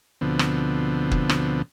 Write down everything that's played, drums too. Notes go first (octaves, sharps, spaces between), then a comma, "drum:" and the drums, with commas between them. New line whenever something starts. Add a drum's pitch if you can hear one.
D2 B2 D3 F3 B3 C4
drum: rim click
drum: kick
drum: rim click